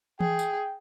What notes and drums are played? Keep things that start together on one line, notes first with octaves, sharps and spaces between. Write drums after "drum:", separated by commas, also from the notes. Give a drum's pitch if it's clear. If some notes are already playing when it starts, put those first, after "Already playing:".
G#4 G5, drum: tom E3
drum: tambourine